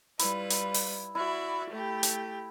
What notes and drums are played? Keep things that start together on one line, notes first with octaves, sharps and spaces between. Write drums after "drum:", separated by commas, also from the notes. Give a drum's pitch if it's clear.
G3 E4 F4 B4, drum: hi-hat
drum: hi-hat
drum: open hi-hat
E4 F#4 D5 E5
A3 G4
drum: hi-hat